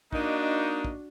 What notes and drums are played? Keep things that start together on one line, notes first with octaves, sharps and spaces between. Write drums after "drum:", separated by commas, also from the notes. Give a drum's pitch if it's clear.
A#3 D4 D#4 F#4, drum: kick
drum: kick